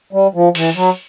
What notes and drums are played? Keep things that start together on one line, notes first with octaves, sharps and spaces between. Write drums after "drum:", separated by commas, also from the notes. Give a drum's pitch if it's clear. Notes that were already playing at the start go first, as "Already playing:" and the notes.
G3
F3
E3, drum: open hi-hat
F#3